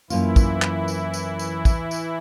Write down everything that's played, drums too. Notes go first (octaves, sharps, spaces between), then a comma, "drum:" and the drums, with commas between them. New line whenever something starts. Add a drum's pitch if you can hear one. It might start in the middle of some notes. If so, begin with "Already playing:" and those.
F#2 E3 A#3 E4 F4, drum: tambourine
drum: kick, tambourine
drum: clap
drum: tambourine
drum: tambourine
drum: tambourine
drum: kick, tambourine
drum: tambourine